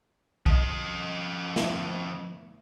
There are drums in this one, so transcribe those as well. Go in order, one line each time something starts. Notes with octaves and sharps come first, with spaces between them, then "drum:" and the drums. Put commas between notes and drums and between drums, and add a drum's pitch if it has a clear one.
F3 D#5, drum: kick
drum: snare